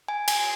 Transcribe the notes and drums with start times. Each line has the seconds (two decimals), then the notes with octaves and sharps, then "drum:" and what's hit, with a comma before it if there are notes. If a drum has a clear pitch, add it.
0.08 G#5
0.28 G#5, drum: cymbal